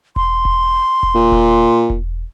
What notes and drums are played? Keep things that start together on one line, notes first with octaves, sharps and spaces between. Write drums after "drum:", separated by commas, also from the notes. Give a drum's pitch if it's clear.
C6, drum: kick E1
drum: kick E1
drum: kick E1
A#2
drum: kick E1
drum: kick E1